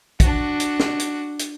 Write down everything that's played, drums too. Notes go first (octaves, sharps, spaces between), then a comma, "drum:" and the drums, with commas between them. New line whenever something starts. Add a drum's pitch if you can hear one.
D4 F#4, drum: kick, hi-hat
drum: hi-hat
drum: snare
drum: hi-hat
drum: hi-hat